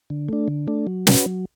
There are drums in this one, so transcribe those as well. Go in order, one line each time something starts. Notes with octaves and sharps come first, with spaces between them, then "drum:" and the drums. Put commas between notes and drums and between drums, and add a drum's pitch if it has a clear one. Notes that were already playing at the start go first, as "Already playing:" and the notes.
D3
A3 D4
D3
A3 D4
F#3
C#4 F#4 B4, drum: snare
F#3